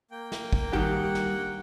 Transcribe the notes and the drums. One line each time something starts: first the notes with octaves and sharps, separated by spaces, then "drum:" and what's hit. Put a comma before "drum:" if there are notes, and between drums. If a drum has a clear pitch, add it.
A#3 G5
drum: snare
drum: kick
G2 D#3 G4 F#5
drum: snare